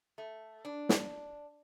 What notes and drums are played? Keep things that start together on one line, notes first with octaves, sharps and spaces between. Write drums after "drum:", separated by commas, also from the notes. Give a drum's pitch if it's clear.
A3
D4
drum: snare